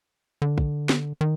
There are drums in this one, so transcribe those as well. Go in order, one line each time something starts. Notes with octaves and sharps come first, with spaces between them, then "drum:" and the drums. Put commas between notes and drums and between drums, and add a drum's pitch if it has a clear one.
D3
drum: kick
drum: snare
D#3